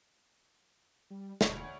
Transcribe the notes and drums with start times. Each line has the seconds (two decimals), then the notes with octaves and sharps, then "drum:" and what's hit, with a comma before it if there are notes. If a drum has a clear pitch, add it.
1.10 G3
1.41 E1 D2 C#5, drum: snare